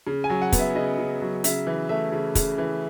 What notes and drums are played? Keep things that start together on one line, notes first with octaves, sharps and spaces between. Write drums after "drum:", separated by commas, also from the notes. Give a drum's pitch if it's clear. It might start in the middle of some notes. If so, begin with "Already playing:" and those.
C#3
G#5
F#3
F#5
B3, drum: kick, hi-hat
E5
C#3 D#5
C#3
F#3
C#3 E5, drum: hi-hat
E3
A3 E5
C#3
C#3, drum: kick, hi-hat
E3